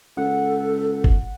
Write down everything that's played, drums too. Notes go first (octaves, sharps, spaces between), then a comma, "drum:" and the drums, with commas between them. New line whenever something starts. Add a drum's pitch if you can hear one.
C#2 A4 F#5
drum: kick G1